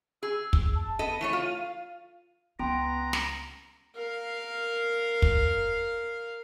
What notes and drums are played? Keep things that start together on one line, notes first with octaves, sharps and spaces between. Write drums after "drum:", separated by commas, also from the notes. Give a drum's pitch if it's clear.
G#4 E6
drum: kick
A5
B3 A4 D#5
E3 A3 C#5 D#7
F4
F5
C#2 B3 C#4 G5 A#5 C6 D7
drum: snare
A#4 F5
drum: kick